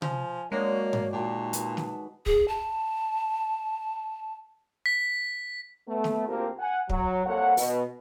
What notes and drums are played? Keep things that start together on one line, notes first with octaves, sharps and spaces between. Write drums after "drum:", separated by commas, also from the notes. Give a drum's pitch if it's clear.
F3 G#5, drum: tom C3
F#3 G#3 A#3 D4 C#5
drum: tom G#2
A#2 D#3 F#4 G4 A5
G#4 B4, drum: hi-hat
drum: snare
G#4, drum: kick
A5
B6
A3 B3
drum: snare
D2 A#3 C4 F4 G4 A#4
F#5 G#5
F#3, drum: kick
C2 A#3 A4 C#5 F#5
B2, drum: open hi-hat